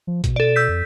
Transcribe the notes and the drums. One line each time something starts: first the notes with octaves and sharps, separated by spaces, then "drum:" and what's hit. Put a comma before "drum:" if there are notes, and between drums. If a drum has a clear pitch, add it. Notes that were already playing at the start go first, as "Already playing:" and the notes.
F3
B2, drum: kick A1, hi-hat
A4 D5
E6 G6 B6
F2